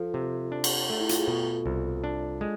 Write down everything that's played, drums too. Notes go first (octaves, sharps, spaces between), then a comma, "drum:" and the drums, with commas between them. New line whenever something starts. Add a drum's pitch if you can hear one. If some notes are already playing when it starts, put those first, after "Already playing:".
Already playing: F3 F4 A4
C3
D4
drum: cymbal
A3
E4
F4, drum: hi-hat
G#4
B2 F4 A4
C2
D4
G#3